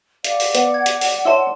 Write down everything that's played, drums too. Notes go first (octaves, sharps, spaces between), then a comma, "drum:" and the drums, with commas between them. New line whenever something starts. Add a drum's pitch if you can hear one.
D5 F5 F#5, drum: hi-hat
drum: open hi-hat
B3, drum: hi-hat
G#6
drum: hi-hat
drum: open hi-hat
E4 C#5 A5 C6 E6